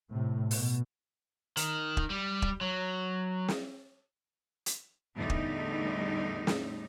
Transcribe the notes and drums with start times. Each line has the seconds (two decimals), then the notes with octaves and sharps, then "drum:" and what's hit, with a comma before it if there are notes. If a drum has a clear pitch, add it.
0.11 A2 C3
0.51 B2, drum: open hi-hat
1.57 D#3, drum: hi-hat
1.97 drum: kick
2.10 G3
2.42 drum: kick
2.61 F#3
3.48 drum: snare
4.66 drum: hi-hat
5.15 E2 A2 D3 G3 A3 D#4
5.30 drum: kick
6.47 drum: snare